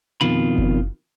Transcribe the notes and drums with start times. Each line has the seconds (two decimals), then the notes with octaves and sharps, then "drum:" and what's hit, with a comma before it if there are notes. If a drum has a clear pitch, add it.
0.21 F2 G#2 B2 D#3 F4 B5
0.58 drum: kick F#1